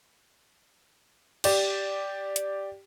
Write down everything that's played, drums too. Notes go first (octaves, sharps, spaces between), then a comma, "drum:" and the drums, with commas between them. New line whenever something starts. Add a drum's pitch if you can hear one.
G4 D5, drum: cymbal
drum: hi-hat